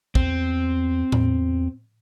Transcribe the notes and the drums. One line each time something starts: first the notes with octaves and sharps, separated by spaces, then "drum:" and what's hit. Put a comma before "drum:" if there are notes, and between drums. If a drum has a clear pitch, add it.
E2 C4, drum: kick
E2, drum: tom A2